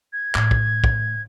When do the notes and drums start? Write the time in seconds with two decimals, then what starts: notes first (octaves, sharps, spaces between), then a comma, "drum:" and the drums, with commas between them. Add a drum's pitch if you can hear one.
0.13 G#6
0.35 A2, drum: clap
0.51 drum: kick
0.84 drum: kick